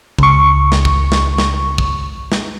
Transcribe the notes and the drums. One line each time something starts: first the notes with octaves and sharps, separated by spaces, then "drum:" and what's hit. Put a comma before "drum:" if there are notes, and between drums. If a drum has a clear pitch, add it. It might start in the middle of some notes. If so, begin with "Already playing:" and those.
C#2 C#6, drum: kick
drum: snare
drum: kick
drum: snare
drum: snare
drum: kick
drum: snare